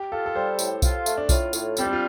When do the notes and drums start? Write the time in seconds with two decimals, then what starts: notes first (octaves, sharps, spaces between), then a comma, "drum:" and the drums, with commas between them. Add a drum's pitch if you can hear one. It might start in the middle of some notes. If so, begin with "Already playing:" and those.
Already playing: G4
0.12 F4 A4
0.26 A4
0.35 G3 C5
0.59 A2, drum: tambourine
0.82 F4, drum: kick B1, tambourine
1.06 A3, drum: tambourine
1.17 D4
1.29 A2 F4, drum: kick B1, tambourine
1.53 A2, drum: tambourine
1.77 G3 C4, drum: tambourine
1.85 D4
1.93 F4